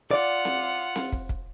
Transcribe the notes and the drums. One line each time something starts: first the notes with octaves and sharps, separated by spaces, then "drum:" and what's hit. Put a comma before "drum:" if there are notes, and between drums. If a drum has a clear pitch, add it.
F4 D5 F#5
drum: snare C4
drum: snare C4
drum: kick
drum: kick